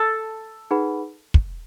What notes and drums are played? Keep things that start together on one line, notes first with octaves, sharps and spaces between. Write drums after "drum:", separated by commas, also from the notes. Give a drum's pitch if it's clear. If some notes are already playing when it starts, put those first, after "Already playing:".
Already playing: A4
D#4 G#4 B4 F#5 B5
drum: kick